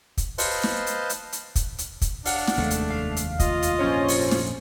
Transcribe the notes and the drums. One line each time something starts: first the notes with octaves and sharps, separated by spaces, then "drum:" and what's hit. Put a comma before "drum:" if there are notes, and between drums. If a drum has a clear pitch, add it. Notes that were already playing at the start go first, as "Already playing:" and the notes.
drum: kick, hi-hat
B4 C5 D#5 F5 A5 C6, drum: open hi-hat
drum: snare
drum: hi-hat
drum: hi-hat
drum: hi-hat
drum: kick, hi-hat
drum: hi-hat
drum: kick, hi-hat
D4 F5 F#5, drum: open hi-hat
drum: snare
F1 D#2 G#3 A3
drum: hi-hat
F5
drum: hi-hat
F4 D#5, drum: kick, hi-hat
drum: hi-hat
A#1 F2 G#2 C#4 C5 C#5
drum: open hi-hat
drum: snare